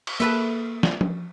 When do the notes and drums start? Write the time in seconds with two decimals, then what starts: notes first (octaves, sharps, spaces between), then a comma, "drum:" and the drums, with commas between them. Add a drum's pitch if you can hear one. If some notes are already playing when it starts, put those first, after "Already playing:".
0.07 drum: cymbal
0.20 A#3 A4 B4 E5
0.83 drum: snare
1.01 drum: tom F3